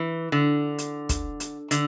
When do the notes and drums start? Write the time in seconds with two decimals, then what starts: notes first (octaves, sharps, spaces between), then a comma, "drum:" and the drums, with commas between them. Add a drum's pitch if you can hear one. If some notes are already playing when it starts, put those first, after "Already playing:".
Already playing: E3
0.32 D3
0.78 drum: hi-hat
1.09 drum: kick, hi-hat
1.40 drum: hi-hat
1.71 D3, drum: hi-hat